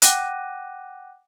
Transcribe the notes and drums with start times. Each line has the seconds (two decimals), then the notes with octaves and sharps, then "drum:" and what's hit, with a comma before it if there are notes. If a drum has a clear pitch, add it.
0.02 F#5 G5 D6 F#6 A#6 D#7, drum: hi-hat